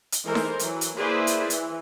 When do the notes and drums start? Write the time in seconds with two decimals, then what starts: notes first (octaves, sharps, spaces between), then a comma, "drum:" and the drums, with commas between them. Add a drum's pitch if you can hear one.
0.12 drum: hi-hat
0.24 E3 G#3 A4 A#4 C5
0.35 drum: snare D#4
0.59 E3 F#3, drum: hi-hat
0.81 drum: hi-hat
0.98 A#3 E4 G#4 B4 C5 D5
1.27 drum: hi-hat
1.50 E3, drum: hi-hat